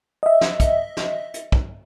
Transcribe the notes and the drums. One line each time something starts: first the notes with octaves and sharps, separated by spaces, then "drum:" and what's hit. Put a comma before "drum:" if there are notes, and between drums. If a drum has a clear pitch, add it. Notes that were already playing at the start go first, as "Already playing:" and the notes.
D#5 E5
drum: snare
drum: kick, hi-hat
drum: snare
drum: hi-hat
drum: kick